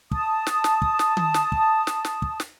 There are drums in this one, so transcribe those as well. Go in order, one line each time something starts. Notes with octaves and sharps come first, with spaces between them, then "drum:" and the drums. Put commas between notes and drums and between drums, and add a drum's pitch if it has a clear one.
A5 D#6, drum: kick
drum: snare
drum: snare
drum: kick
drum: snare
drum: tom D#3
drum: snare
drum: kick
drum: snare
drum: snare
drum: kick
drum: snare